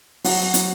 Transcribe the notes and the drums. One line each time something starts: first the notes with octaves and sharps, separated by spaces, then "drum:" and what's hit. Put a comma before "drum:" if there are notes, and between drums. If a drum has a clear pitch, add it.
F#3 F#4, drum: open hi-hat
F#3, drum: hi-hat